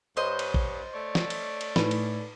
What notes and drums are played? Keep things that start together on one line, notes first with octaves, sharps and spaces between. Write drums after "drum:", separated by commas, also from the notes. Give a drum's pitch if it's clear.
G2 C5 C#5 D#5
drum: cymbal
drum: kick A1
A3 C#5 D5
drum: snare
drum: cymbal
drum: cymbal
A2 D#4 B4 B5, drum: snare
drum: cymbal